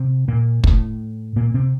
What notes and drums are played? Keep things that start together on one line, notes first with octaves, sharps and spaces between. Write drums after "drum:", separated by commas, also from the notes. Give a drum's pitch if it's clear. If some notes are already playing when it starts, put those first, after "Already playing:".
Already playing: C3 C4
A#2 A#3
A2 A3, drum: kick
A#2 A#3
C3 C4